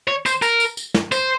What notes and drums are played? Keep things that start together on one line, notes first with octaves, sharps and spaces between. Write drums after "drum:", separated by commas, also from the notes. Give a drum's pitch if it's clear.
C#5
C5, drum: tambourine
A#4, drum: tambourine
drum: tambourine
drum: tambourine
drum: snare
C5, drum: tambourine